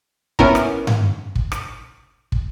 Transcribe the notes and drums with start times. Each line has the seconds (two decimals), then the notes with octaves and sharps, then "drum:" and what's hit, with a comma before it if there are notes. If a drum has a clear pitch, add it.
0.39 B3 C#4 E4 A#4, drum: kick
0.55 drum: rim click
0.87 drum: tom G2
1.35 drum: kick
1.52 drum: rim click
2.32 drum: kick